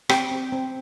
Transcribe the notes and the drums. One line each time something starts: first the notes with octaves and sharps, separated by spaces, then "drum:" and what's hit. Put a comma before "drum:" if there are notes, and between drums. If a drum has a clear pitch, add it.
C4 G4 G5, drum: rim click
C4
C4